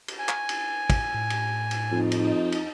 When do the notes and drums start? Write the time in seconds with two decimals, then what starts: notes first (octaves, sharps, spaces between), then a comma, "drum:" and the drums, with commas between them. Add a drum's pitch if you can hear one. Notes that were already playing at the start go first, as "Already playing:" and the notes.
0.08 drum: cymbal
0.19 G#5
0.29 drum: clap
0.49 drum: cymbal
0.90 drum: kick, cymbal
1.14 A2
1.30 drum: cymbal
1.71 drum: cymbal
1.91 F2 D#4
2.12 drum: cymbal
2.52 drum: cymbal